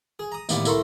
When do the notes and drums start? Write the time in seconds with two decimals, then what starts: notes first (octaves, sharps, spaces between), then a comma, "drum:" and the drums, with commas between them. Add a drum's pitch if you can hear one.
0.19 G#4
0.32 A#5 D#6
0.49 A1 D#2 B3 G4 D5 F5, drum: tambourine
0.65 C2 E4 A4 A#4 C6 C#6, drum: tambourine